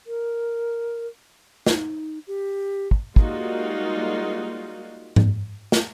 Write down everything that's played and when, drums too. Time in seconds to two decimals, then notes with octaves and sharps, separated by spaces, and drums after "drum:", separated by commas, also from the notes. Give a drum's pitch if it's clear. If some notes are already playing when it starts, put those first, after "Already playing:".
0.07 A#4
1.66 D#4, drum: snare
2.27 G4
2.91 drum: kick
3.16 G3 G#3 A#3 D#4 F4 F#4, drum: kick
5.16 drum: tom G#2
5.72 drum: snare